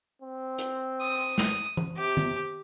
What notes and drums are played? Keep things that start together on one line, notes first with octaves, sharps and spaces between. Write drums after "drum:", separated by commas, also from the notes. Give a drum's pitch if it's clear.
C4
drum: hi-hat
D#6
drum: snare
drum: tom E3
C3 G4
drum: tom